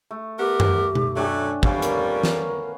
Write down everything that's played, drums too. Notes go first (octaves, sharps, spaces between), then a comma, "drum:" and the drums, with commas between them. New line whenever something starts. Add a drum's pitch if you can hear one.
A3
B3 G4 A#4
drum: tom F#2
drum: tom B2
F#3 A3 C#4 D4 G5
F2 G3 B3 C#4 F5, drum: kick
A#4, drum: hi-hat
drum: snare